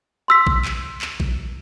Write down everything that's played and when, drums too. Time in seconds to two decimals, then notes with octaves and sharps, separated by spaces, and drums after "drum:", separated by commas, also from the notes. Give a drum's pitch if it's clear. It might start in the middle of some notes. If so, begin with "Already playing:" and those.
0.28 C6 E6 B6
0.47 drum: kick A#1
0.65 drum: clap
1.02 drum: clap
1.20 drum: kick A#1